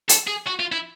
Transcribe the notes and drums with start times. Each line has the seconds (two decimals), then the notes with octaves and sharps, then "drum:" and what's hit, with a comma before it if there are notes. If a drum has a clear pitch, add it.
0.09 A4, drum: hi-hat
0.28 G#4
0.47 F#4
0.60 F4
0.72 E4